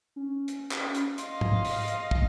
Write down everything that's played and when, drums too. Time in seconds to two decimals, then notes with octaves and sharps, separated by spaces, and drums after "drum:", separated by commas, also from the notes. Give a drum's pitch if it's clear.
0.16 C#4
0.48 drum: hi-hat
0.71 drum: clap
0.95 drum: hi-hat
1.18 D#5 F5 C6, drum: hi-hat
1.41 drum: tom
1.65 drum: open hi-hat
1.88 drum: hi-hat
2.11 drum: kick